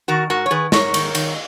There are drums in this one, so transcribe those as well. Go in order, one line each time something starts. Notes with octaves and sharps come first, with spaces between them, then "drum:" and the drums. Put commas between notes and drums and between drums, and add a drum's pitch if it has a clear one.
D#3 F#4 A#4
G#2 F#4 A#4
C#5
D#3 G#4 B4
G#2 A#4 C#5, drum: snare
D#3, drum: cymbal
D#3, drum: cymbal